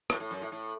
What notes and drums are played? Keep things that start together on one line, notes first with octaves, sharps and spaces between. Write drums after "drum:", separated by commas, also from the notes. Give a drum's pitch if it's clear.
A2, drum: rim click
A2
F#2
A2
A2